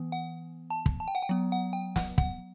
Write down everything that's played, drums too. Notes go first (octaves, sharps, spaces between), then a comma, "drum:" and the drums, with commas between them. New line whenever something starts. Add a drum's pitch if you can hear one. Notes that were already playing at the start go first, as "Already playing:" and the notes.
Already playing: E3 B3
F#5
A5
drum: kick
A5
G5
F#5
G5
F#3 B3
F#5
G5
F#5, drum: snare
F#5, drum: kick